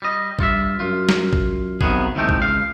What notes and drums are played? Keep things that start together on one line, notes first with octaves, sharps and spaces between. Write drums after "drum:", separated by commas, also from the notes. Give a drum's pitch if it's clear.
G3 D#5
G2 F4 C#5 E5, drum: kick A1
F#2 F4
drum: snare
drum: kick A1
B1 C3 D#3 B3 G#4, drum: kick A1
D#2 A2 C3 G#3 A3 G5
drum: kick A1
C#2 F5